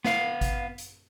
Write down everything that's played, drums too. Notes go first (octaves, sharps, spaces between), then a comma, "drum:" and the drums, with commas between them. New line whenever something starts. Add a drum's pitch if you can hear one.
B3 F5, drum: snare
drum: kick G#1, hi-hat
drum: hi-hat